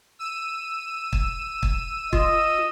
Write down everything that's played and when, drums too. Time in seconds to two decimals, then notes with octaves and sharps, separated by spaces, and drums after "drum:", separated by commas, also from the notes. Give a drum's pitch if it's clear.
0.19 E6 D#7
1.13 drum: kick
1.63 drum: kick
2.13 F4 D#5, drum: kick